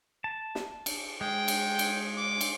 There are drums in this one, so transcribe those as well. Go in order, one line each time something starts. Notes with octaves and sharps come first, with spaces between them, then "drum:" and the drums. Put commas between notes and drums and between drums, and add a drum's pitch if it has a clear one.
A5
drum: snare
drum: cymbal
G#3 G5
drum: cymbal
drum: cymbal
D6
drum: cymbal